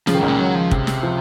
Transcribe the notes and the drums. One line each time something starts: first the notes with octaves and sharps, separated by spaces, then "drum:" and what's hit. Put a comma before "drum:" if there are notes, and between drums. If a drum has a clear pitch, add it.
C#3 F3, drum: snare
D#3
C#2 G#2 C#3
A#2
F#3
F3
C3, drum: kick
drum: snare
F3